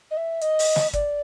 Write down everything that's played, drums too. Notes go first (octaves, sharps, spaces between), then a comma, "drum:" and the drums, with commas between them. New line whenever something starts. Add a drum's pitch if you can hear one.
D#5
E5
D#5, drum: hi-hat
drum: open hi-hat
drum: snare
D5, drum: kick, hi-hat